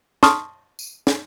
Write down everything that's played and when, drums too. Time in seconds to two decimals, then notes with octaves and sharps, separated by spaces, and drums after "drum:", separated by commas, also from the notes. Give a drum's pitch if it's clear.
0.23 A5 C6 C#6 D#6 F6, drum: snare
0.79 drum: tambourine
1.07 drum: snare